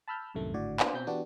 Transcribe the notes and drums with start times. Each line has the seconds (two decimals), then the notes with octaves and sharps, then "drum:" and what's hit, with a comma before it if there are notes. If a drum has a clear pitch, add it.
0.08 A5 B5 E6 F6 G6
0.34 C2 F#2 A2 C3 D#3 A3
0.54 G#1 A2 D3 F#4 D5
0.80 A#3 B3 D4 F4 B4 C5, drum: clap
0.94 B2 C4 G6
1.07 E3 B3 D4 F#4 G4 D5